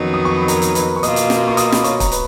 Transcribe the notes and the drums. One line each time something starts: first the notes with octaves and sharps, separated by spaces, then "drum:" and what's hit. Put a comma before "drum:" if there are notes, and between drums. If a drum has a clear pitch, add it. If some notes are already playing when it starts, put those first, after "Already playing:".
Already playing: F2 D#3 F#3 B3 C#4 D#4
D#6
C#6
B5
A#4 A#5, drum: hi-hat
drum: hi-hat
B4 B5, drum: hi-hat
C#6
B2 A#3 F4 D#5 D#6, drum: hi-hat
drum: hi-hat
drum: snare
C#6
D#5 D#6, drum: hi-hat
B5, drum: snare
C#5 C#6, drum: hi-hat
A#5, drum: kick, hi-hat
B4 B5, drum: hi-hat